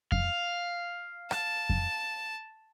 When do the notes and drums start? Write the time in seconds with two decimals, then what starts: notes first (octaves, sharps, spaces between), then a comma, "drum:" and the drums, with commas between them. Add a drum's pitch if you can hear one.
0.12 F5, drum: kick F2
1.31 A5, drum: rim click
1.70 drum: kick F2